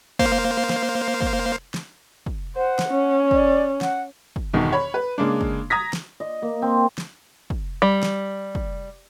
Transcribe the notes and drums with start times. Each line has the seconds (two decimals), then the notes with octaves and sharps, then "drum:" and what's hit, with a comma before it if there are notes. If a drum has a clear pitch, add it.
0.19 A#3 C5 F5, drum: kick
0.69 drum: snare
1.22 drum: kick
1.74 drum: snare
2.26 drum: kick
2.56 C5 F#5
2.79 drum: snare
2.88 C#4
3.31 D5, drum: kick
3.81 F#5, drum: snare
4.36 drum: kick
4.53 G1 E2 B2 D#3
4.73 C#5 B5
4.94 B4
5.18 C#3 G#3 A#3 D4
5.41 drum: kick
5.70 A#5 D#6 G#6 A#6 B6
5.93 drum: snare
6.20 D#5
6.42 A#3
6.62 C4
6.98 drum: snare
7.50 drum: kick
7.82 G3
8.03 drum: snare
8.55 drum: kick